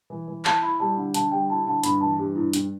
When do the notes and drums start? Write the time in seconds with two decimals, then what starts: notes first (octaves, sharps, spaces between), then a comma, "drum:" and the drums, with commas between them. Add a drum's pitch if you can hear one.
0.10 E3
0.28 E3
0.45 E4 A5, drum: clap
0.62 E4 B5
0.80 G3 A5
0.96 D3
1.14 D3 A5, drum: hi-hat
1.32 G3 G5
1.49 E4 A5
1.67 D3 A5
1.83 G2 B5, drum: hi-hat
2.01 E3 A5
2.19 G2 G4
2.36 G2 E4
2.53 G2 D4, drum: hi-hat